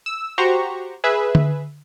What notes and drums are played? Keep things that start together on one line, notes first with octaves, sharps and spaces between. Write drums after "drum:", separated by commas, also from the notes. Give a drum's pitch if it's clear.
E6
F#4 G4 C5 A#5 C#6
G#4 B4 E5
drum: tom D3